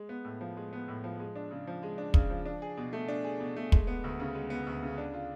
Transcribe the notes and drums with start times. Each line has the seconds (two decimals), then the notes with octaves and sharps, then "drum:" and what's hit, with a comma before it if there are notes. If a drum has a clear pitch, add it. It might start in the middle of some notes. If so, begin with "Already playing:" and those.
Already playing: G#3
0.09 B3
0.25 A2
0.41 F3
0.57 G#3
0.73 B3
0.88 A2
1.04 F3
1.20 G#3
1.35 D4
1.51 C#3
1.67 F3
1.83 G#3
1.98 D4
2.14 C#3, drum: kick
2.30 F3
2.45 D4
2.62 G#4
2.77 B2
2.93 A3
3.08 D4
3.24 G#4
3.40 B2
3.56 A3
3.72 G#3, drum: kick
3.87 B3
4.04 D2
4.20 C#3
4.35 G#3
4.50 B3
4.67 D2
4.83 C#3
4.98 D4
5.14 F4